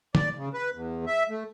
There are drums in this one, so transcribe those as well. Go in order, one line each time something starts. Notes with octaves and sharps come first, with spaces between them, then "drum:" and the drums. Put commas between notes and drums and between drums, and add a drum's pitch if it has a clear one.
D5, drum: tom
C#3
B4
E2
E5
A3